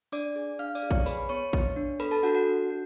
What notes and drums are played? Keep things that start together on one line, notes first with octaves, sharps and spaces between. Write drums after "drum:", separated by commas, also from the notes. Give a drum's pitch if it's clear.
D4 D5 D6, drum: tambourine
G#4
D4 F5 F6
D5 D6, drum: tambourine
G#4
C#5 C#6, drum: kick A#1
G#4 B4 B5, drum: tambourine
B3 C#5 C#6
B3, drum: kick A#1
D4
A4 B4 B5, drum: tambourine
A4 A5
D4 F#4 F#5
F#4 F#5
D4
F#4